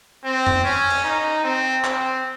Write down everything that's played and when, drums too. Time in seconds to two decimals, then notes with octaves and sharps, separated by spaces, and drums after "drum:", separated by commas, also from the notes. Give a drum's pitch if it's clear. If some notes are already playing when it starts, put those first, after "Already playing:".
0.24 C4
0.47 drum: tom F2
0.64 C#4
0.91 drum: cymbal
1.04 D#4
1.44 C4
1.84 C4, drum: clap